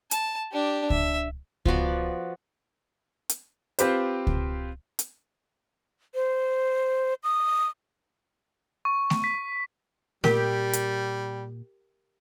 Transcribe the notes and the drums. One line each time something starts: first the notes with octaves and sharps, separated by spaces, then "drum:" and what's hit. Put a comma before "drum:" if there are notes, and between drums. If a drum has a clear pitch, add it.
A5, drum: hi-hat
D4 G4
E5, drum: kick C#2
F3 B3 F#4 D5, drum: kick C#2
drum: hi-hat
C4 F4 G4 B4 C5, drum: hi-hat
drum: kick C#2
drum: hi-hat
C5
D#6
C#6
drum: snare A3
B6
A#2 G3 G4 A#4, drum: snare A3
drum: hi-hat